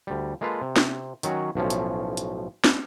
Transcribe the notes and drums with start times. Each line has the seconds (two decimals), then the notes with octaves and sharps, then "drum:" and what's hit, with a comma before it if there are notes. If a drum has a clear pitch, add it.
0.07 D2 G3
0.41 G#3 A#3 F4 A4 B4 F5
0.62 C3
0.76 drum: snare
1.23 D#3 F#3 C#4 F#4, drum: hi-hat
1.55 B1 A2 F3 C#4
1.70 drum: hi-hat
2.17 drum: hi-hat
2.64 drum: snare